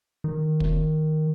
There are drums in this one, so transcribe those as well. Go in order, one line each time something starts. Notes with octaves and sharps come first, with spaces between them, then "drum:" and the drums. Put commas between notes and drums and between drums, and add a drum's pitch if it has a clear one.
D#3
drum: kick